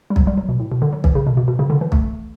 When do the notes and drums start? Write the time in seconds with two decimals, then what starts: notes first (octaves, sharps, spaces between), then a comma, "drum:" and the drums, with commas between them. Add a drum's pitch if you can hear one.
0.10 G3
0.16 F#3, drum: kick
0.27 G3
0.38 F#3
0.49 B2
0.59 A2
0.72 B2
0.82 D3
0.93 F#3
1.04 E3, drum: kick
1.15 C#3
1.27 B2
1.37 B2
1.48 B2
1.59 C#3
1.70 D3
1.81 E3
1.92 A3, drum: kick